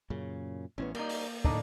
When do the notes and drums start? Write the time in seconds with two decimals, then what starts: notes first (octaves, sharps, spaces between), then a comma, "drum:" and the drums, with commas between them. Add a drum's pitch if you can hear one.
0.10 F#2 A#2 C#3
0.78 A1 E3 B3 C#4
0.95 G3 A#3 D#4, drum: cymbal
1.09 drum: open hi-hat
1.45 A2 D3 D4 D#4, drum: kick